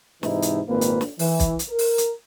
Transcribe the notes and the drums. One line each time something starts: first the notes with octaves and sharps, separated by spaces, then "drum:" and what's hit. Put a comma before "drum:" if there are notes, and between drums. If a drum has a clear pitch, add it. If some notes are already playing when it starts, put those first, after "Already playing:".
G#2 C3 E3 D#4 E4, drum: snare
drum: hi-hat
G#1 A#2 A#3 C4 B4
drum: hi-hat
drum: snare
E3, drum: open hi-hat
drum: kick, hi-hat
drum: hi-hat
A#4
drum: open hi-hat
drum: hi-hat